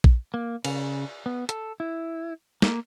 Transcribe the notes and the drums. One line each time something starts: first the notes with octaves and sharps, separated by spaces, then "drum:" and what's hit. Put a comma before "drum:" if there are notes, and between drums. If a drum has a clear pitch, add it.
drum: kick A#1
A#3
C#3, drum: cymbal
B3
A4, drum: hi-hat
E4
A#3, drum: snare